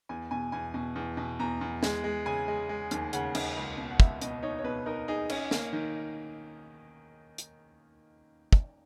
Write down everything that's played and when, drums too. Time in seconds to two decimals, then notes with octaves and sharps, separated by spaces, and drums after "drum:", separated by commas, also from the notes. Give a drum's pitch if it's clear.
0.09 E2 G#5
0.31 B2 G#5
0.52 E2 G#5
0.74 B2
0.96 E2
1.17 B2
1.39 E2 A#5
1.61 E2
1.83 G#3, drum: snare
2.04 G#3
2.26 C#3 G#5
2.48 G#3
2.69 G#3
2.91 D#2, drum: hi-hat
3.13 C#3 F#5, drum: hi-hat
3.35 D#2, drum: cymbal
3.56 C#2
3.77 B2
3.91 F#5
4.00 C#2 E5, drum: kick
4.22 B2 D#5, drum: hi-hat
4.43 D#4 C#5
4.59 C#5
4.64 B2 B4
4.86 D#4 A#4
5.08 D#4 G#4
5.30 C#4, drum: cymbal
5.51 A#3, drum: snare
5.73 D#3
7.38 drum: hi-hat
8.53 drum: kick